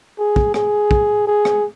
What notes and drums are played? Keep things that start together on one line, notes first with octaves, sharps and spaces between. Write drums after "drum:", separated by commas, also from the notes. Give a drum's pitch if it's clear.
G#4
drum: kick
G#4, drum: rim click
drum: kick
G#4
drum: rim click